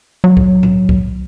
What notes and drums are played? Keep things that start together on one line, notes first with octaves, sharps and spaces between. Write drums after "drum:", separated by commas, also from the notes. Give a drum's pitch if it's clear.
F#3
drum: kick C2
drum: tom A2
drum: kick C2